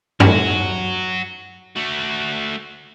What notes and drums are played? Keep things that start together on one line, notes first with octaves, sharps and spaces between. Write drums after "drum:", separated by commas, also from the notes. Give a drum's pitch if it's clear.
F#3 F#4, drum: tom G2
A3 F#4